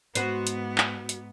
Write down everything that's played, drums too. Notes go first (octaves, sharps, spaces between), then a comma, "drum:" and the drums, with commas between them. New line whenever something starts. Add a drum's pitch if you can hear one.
G#2 B3 F#4 B4 C5, drum: hi-hat
drum: hi-hat
drum: clap
drum: hi-hat